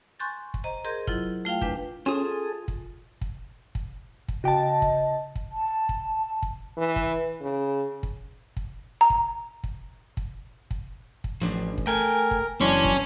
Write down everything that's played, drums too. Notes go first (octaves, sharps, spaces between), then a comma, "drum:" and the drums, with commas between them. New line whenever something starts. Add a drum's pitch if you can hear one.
G#5 C6 C#6 F#6 G6 A6
drum: kick
C5 D#5 A#5
G#4 A#4 D#5 C6 G6 G#6
F#3 E4 F4, drum: kick
A3 F4 F5 G5
E2 D4 B4, drum: kick
C#4 F4 G#4 A4 G#5 D#6 E7
drum: kick
drum: kick
drum: kick
drum: kick
C#3 F#4 D#5 G5 A5
drum: kick
drum: kick
A5
drum: kick
drum: kick
E3
drum: kick
C#3
drum: kick
drum: kick
A#5
drum: kick
drum: kick
drum: kick
drum: kick
drum: kick
A1 F3 D4
drum: kick
A3 A#4 G5 G#5
drum: kick
F#1 E3 F#3 G3 C#4 D4 C6
drum: kick